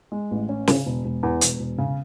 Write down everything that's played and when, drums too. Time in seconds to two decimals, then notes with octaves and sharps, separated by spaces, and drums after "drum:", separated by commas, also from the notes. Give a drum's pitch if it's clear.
0.12 G#3
0.31 A1
0.49 C#4
0.68 C#3, drum: snare
0.86 E1
1.05 E1
1.23 E2
1.41 E1, drum: hi-hat
1.60 E1
1.78 C#3